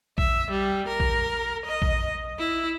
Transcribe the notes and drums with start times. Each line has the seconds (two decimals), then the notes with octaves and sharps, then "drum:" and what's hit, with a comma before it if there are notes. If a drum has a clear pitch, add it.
0.18 E5, drum: kick A#1
0.50 G3
0.88 A#4
1.00 drum: kick A#1
1.65 D#5
1.82 drum: kick A#1
2.39 E4